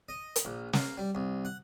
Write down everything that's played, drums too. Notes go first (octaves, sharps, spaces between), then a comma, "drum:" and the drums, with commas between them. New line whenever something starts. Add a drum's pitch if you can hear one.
D#5
drum: hi-hat
A#1
A#3, drum: snare
G3
C2
F#5